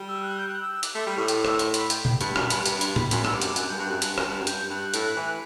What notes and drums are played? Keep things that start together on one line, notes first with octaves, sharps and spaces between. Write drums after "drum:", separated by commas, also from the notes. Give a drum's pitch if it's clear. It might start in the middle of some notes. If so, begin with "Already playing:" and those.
Already playing: G3
E6
F#6
G6
F#6
E6
E6
D6, drum: hi-hat
A3 C6
G3 D6
A2 C6
D6, drum: hi-hat
E6, drum: rim click
C6, drum: hi-hat
B5, drum: hi-hat
G5, drum: hi-hat
B5, drum: tom A#2
G2, drum: hi-hat
F#2, drum: rim click
G2, drum: hi-hat
G2 B5, drum: hi-hat
C6, drum: hi-hat
B5, drum: tom A2
F#2 C6, drum: hi-hat
G2 E6, drum: rim click
D6
F#2, drum: hi-hat
G2
F#2 F#6, drum: hi-hat
G2 G6
G2 F#6
F#2 F#6
G2, drum: hi-hat
F#2, drum: rim click
G2
F#2
G2 G6, drum: hi-hat
G2 F#6
A2, drum: hi-hat
E3